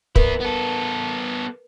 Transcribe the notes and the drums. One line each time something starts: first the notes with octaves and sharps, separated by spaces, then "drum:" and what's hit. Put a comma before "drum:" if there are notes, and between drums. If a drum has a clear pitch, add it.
B3 E4 A#4 B4, drum: kick
B3 A4